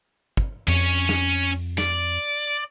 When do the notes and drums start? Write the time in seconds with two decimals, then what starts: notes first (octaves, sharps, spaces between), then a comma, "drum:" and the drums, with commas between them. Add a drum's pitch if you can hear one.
0.37 drum: kick
0.68 F2 C#4 C#5, drum: open hi-hat
1.09 drum: snare
1.78 D5, drum: snare